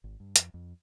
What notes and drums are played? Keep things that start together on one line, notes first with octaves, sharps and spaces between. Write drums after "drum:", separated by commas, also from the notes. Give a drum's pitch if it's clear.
G#1
G2
F2, drum: hi-hat
F2